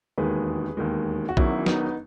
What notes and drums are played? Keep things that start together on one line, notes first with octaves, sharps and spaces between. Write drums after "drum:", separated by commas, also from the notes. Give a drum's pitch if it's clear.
E1 D#2 D#3 G#3 G#4 B4
E1 D#2 D#3 G#3
F#4
E1 E2 D#3 F#3 C#4 E4, drum: kick
B3 D#4, drum: snare